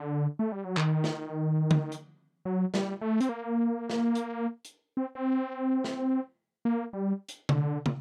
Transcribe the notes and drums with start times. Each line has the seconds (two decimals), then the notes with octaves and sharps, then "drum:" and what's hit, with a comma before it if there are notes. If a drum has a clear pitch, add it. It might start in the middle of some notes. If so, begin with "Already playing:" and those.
Already playing: D3
0.39 A3
0.52 G3
0.65 F#3
0.77 D#3, drum: clap
1.04 drum: snare
1.71 drum: tom D3
1.92 drum: hi-hat
2.45 F#3
2.74 G3, drum: snare
3.01 A3
3.21 C4, drum: hi-hat
3.29 A#3
3.90 drum: snare
4.15 drum: hi-hat
4.65 drum: hi-hat
4.97 C4
5.15 C4
5.84 drum: snare
6.65 A#3
6.93 G3
7.29 drum: hi-hat
7.49 D3, drum: tom C3
7.86 A#2, drum: tom